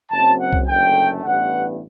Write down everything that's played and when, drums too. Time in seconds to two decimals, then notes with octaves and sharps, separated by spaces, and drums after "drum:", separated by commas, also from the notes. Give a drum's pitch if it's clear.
0.11 F#1 F#2 F#3 C4 A5
0.39 F#5
0.53 drum: kick C2
0.68 F#1 F#2 D3 A3 G5
1.24 A1 G2 E3 B3 F#5